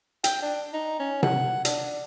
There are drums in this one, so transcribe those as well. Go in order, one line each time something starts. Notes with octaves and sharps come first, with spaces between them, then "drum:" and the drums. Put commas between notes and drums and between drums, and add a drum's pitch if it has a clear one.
G5, drum: hi-hat
D4
D#4
C#4
F#5, drum: tom C3
D4, drum: hi-hat